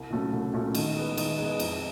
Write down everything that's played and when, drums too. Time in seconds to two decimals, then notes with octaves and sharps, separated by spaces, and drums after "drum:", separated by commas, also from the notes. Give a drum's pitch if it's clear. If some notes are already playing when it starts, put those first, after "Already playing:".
Already playing: C2
0.10 A#2 F#3 A3 C#4
0.33 C2
0.53 A#2 F#3 A3 C#4
0.75 D#3, drum: cymbal
0.96 G#3 B3
1.17 D#3, drum: cymbal
1.38 G#3 B3
1.60 F2, drum: cymbal